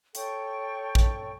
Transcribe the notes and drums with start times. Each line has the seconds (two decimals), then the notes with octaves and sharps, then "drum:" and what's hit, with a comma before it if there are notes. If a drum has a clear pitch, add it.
0.15 A4 C#5 G5 C#6, drum: hi-hat
0.95 drum: kick